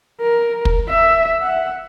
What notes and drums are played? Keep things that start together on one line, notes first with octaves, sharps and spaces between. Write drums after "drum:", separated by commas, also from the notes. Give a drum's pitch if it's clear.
A#4
drum: kick
E5
F#5